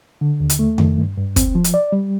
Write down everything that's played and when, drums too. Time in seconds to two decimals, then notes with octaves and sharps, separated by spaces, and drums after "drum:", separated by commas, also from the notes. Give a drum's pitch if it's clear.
0.21 D3
0.40 D#2
0.50 drum: hi-hat
0.59 A3
0.78 D#3, drum: tom F2
0.98 G2
1.17 G2
1.36 C4, drum: kick, hi-hat
1.55 F3
1.64 drum: hi-hat
1.74 D5
1.92 G3